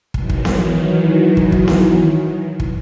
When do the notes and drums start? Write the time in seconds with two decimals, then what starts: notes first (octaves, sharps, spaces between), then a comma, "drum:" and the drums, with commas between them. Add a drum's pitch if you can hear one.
0.14 D#3 E3 F#3, drum: kick
0.30 drum: kick
0.45 drum: snare B3
1.37 drum: kick
1.52 drum: kick
1.68 drum: snare B3
2.60 drum: kick